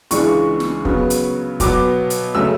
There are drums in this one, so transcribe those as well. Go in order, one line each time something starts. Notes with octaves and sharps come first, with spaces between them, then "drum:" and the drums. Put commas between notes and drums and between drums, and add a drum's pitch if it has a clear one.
C#2 C#3 E3 G#3 D4 C#6, drum: hi-hat
drum: snare
C#3 F#3 B3, drum: kick
drum: hi-hat
B2 F#3 B3 D6, drum: kick, hi-hat
drum: hi-hat
C#3 F#3 A3 C#4 E6